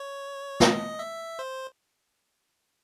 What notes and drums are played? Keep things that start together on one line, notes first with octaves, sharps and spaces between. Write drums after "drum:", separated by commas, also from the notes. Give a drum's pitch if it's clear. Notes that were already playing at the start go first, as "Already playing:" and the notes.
Already playing: C#5
D#5, drum: snare
E5
C5